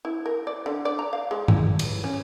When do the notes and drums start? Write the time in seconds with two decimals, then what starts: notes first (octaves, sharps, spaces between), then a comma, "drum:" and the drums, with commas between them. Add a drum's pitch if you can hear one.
0.05 E4
0.26 A#4
0.47 D5
0.66 D3
0.85 D5
0.99 A#5
1.13 F5
1.31 G#3
1.48 E4, drum: tom G2
1.79 drum: cymbal
2.04 C#4